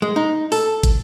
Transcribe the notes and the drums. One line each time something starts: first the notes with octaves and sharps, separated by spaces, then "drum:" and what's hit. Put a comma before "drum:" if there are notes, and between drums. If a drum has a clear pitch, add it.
G#3
D#4
A4, drum: open hi-hat
drum: kick, hi-hat